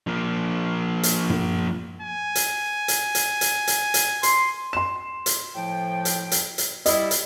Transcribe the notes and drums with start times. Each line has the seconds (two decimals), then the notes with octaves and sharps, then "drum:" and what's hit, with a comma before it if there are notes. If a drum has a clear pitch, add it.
0.07 F3 A#3
1.03 drum: hi-hat
1.30 drum: tom
2.01 G#5
2.35 drum: hi-hat
2.88 drum: hi-hat
3.15 drum: hi-hat
3.41 drum: hi-hat
3.67 drum: hi-hat
3.94 drum: hi-hat
4.23 C6, drum: hi-hat
4.73 C6 E7
5.26 drum: hi-hat
5.55 A2 F3 G5
6.05 drum: hi-hat
6.32 drum: hi-hat
6.58 drum: hi-hat
6.86 G3 E4 D#5, drum: hi-hat
7.11 drum: hi-hat